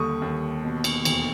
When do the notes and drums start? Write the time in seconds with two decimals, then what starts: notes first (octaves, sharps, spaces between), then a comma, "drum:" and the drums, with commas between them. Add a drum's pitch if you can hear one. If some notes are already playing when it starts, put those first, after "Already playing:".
Already playing: D#2 D3 G3 C#6 D#6
0.22 D#2
0.64 B2
0.84 drum: cymbal
1.05 E1, drum: cymbal